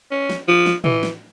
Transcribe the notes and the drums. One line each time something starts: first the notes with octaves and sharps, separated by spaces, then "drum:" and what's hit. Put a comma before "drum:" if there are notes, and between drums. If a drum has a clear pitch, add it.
C#4
drum: snare
F3
drum: snare
E3, drum: tom
drum: snare